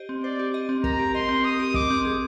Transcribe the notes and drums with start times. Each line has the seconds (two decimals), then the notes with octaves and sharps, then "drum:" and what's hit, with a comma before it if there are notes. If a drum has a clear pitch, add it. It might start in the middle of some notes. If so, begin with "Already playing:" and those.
Already playing: G4 C5 D#5
0.09 C4
0.24 C5 D5
0.39 G4
0.54 D#5
0.69 C4
0.84 A#4 A#5, drum: kick
0.99 G4
1.14 D#5 C6
1.29 C4
1.44 A#4 D#6
1.59 G4
1.74 D#5 D6, drum: kick
1.90 C4
2.05 G#4